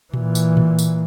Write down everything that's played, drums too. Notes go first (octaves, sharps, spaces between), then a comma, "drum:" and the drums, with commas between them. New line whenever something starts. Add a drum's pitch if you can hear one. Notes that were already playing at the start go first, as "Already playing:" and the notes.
A#2 E3, drum: tom A#2
drum: tambourine
drum: tom A#2
drum: tambourine